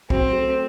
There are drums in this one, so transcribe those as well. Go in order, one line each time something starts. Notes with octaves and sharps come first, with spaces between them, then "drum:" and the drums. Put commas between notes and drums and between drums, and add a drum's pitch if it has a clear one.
F#3 C4, drum: kick
A3